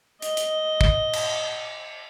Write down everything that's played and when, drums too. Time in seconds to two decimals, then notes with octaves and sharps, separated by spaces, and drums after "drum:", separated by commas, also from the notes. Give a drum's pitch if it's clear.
0.22 D#5, drum: hi-hat
0.37 drum: hi-hat
0.81 drum: kick
1.13 drum: cymbal